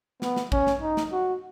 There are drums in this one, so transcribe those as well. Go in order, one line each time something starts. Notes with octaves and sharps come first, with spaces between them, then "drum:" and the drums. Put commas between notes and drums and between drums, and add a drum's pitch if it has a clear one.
B3, drum: snare
drum: snare
C#4, drum: kick A#1
drum: snare
D#4
drum: snare
F#4